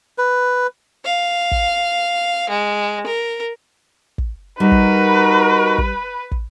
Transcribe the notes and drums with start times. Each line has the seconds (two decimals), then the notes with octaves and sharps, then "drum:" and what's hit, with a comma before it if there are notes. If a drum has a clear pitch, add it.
0.18 B4
1.05 F5
1.51 drum: kick
2.49 G#3
3.06 A#4
4.18 drum: kick
4.60 G3 D#4 F#4 A#4 B4
4.71 drum: kick
5.78 drum: kick
6.32 drum: kick